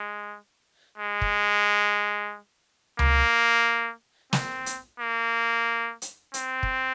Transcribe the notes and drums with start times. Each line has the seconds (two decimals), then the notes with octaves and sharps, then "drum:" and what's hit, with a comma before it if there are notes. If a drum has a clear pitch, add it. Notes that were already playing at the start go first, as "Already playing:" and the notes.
Already playing: G#3
0.98 G#3
1.22 drum: kick
2.99 A#3, drum: tom C#2
4.33 C4, drum: snare
4.66 drum: hi-hat
4.99 A#3
6.02 drum: hi-hat
6.34 C4, drum: hi-hat
6.63 drum: kick